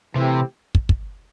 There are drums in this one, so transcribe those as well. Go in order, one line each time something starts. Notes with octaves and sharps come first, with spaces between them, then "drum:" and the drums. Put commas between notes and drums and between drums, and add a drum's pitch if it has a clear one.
C3 E3 A3 C4 E4 G4
drum: kick
drum: kick